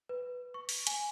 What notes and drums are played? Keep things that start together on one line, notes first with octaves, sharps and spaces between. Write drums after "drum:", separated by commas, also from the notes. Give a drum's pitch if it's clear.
B4
C#6
drum: open hi-hat
G#5, drum: hi-hat